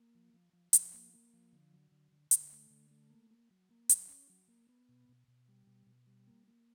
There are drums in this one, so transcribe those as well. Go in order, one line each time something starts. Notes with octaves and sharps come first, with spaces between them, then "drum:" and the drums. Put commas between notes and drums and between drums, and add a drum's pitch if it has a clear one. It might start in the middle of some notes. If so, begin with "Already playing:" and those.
Already playing: A#3
F3
F3
F3
F3, drum: hi-hat
A#3
A#3
F3
D3
F#3
D3
D3
D3, drum: hi-hat
A3
D3
A3
A#3
A#3
F#3
A#3
F#3, drum: hi-hat
C#4
F#3
A#3
B3
B2
B2
B2
G3
B2
B2
G3
A#3
A#3